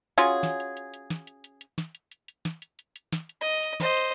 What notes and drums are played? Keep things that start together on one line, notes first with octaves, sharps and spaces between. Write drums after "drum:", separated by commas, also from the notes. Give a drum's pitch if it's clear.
C#4 F4 F#4 G#4
drum: snare
drum: hi-hat
drum: hi-hat
drum: hi-hat
drum: snare
drum: hi-hat
drum: hi-hat
drum: hi-hat
drum: snare
drum: hi-hat
drum: hi-hat
drum: hi-hat
drum: snare
drum: hi-hat
drum: hi-hat
drum: hi-hat
drum: snare
drum: hi-hat
D#5
drum: hi-hat
C5 D#5, drum: snare
drum: hi-hat